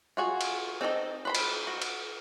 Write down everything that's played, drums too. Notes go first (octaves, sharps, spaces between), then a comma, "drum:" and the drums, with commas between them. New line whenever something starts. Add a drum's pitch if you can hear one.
F4 F#4 G#4
drum: cymbal
C4 D#4 A4 D#5
B4 C5 B5
drum: cymbal
F#4
drum: cymbal